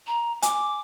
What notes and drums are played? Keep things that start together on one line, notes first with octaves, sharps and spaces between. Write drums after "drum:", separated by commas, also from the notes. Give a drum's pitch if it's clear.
A#5
G#5 D6, drum: hi-hat